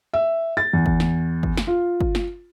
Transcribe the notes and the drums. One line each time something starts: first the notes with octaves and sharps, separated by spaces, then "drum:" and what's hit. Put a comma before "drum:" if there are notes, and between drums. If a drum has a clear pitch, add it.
E5
A6
E2
drum: kick
drum: snare
drum: kick
drum: snare
F4
drum: kick
drum: snare